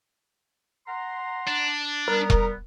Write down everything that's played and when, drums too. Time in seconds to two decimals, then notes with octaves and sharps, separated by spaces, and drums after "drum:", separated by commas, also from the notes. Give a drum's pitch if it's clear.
0.87 F#5 A#5 C6
1.47 D4
2.08 G3 B3 A#4
2.30 drum: kick E1